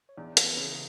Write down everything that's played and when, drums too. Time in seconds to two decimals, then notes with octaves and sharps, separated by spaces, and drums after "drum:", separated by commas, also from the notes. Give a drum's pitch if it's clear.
0.09 C#5
0.17 E2 D4 D5
0.37 E2 C#5, drum: hi-hat
0.47 B3 B4
0.57 C#3